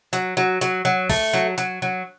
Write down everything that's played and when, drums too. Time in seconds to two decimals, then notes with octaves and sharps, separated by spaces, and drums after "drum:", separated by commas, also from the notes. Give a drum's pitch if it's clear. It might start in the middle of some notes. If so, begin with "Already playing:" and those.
0.13 F#3, drum: hi-hat
0.37 F#3
0.61 F#3, drum: hi-hat
0.85 F#3
1.09 A3, drum: kick, open hi-hat
1.33 F#3
1.58 F#3, drum: hi-hat
1.82 F#3